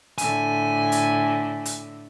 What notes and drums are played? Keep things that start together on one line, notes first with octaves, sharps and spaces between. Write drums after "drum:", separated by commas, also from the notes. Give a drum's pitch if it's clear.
A2 D3 G#5, drum: hi-hat
drum: hi-hat
drum: hi-hat